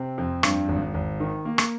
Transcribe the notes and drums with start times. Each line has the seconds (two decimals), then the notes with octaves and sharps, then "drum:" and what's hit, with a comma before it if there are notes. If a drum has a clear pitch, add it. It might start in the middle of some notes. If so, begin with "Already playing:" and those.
Already playing: C3 C4
0.18 F2
0.43 G2, drum: rim click
0.68 G#1
0.94 G#1
1.20 D#3
1.45 A#3
1.58 drum: rim click